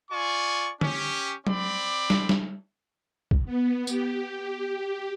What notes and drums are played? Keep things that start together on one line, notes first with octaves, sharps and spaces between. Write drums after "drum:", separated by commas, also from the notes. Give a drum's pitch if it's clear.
F4 D5 G#5 C#6
C#4 G4, drum: tom
C4 D5 B5 D6, drum: tom F#3
drum: snare
drum: snare
drum: kick
B3
G4, drum: tambourine